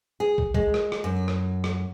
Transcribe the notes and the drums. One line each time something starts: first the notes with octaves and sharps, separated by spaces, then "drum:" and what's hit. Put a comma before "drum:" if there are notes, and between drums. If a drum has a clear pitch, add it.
G#4
drum: kick
G#3, drum: kick
drum: rim click
drum: rim click
F#2
drum: rim click
drum: rim click